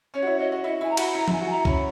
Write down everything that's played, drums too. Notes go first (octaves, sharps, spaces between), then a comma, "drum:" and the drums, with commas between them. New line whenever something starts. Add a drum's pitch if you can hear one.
C#4 C#5
F#4
E4
F#4 D#5
F#4
E4 D#5
E4 G#5
A#5
F#4 B5, drum: cymbal
E4 A#5
E4 G#5, drum: tom F3
F#4
E4 A#5
C#4 B5, drum: kick